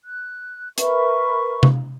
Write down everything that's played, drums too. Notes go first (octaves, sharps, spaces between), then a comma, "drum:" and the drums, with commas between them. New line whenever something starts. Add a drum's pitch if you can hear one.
F#6
A#4 B4 E5 C#6, drum: hi-hat
drum: tom C3